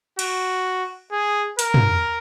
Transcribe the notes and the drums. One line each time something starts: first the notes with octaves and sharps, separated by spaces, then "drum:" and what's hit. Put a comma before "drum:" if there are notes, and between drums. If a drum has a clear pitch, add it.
F#4, drum: cymbal
G#4
A#4, drum: hi-hat
drum: tom